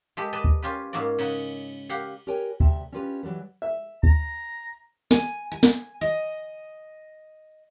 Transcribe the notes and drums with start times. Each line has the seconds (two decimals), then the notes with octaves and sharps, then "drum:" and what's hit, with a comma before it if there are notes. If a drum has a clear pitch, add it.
0.17 G#3 G4 A4 B5
0.33 B4 D5 D#5 A5
0.44 drum: kick D2
0.62 C#4 F4 G4 B4
0.93 G#2 A#3 C#4 F#4 D5
1.19 C#3 D#4 F#5, drum: cymbal
1.89 G4 F5 F#5 A#5
2.27 G4 A#4 B4 C#5 G5 G#5
2.60 D2 C3 E5, drum: kick D2
2.92 C#4 D4 F4 G4 B4
3.23 E3 F#3 G3 B4
3.62 E5
4.03 A#5, drum: kick D2
5.11 G#5, drum: snare
5.52 G#5
5.63 drum: snare
6.01 D#5